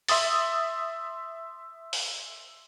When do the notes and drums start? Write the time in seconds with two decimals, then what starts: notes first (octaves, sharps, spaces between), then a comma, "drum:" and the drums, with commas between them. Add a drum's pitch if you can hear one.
0.08 E5 C6 D#6 A6, drum: open hi-hat
1.93 drum: open hi-hat